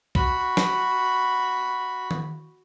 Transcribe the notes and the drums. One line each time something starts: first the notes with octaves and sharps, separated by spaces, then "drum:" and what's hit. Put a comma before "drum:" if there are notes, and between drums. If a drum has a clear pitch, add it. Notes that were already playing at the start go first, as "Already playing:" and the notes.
F#4 B5, drum: kick C2
drum: snare
drum: tom D#3